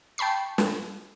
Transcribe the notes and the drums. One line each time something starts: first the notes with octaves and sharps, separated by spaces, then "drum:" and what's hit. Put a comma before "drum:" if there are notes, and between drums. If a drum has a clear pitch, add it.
G5 A5 B5 C#6 C7
drum: snare